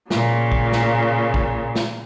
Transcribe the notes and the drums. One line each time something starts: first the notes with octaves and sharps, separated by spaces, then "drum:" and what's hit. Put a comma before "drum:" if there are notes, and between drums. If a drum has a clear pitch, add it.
A#2 C#3, drum: snare
drum: kick
drum: snare
drum: kick
drum: snare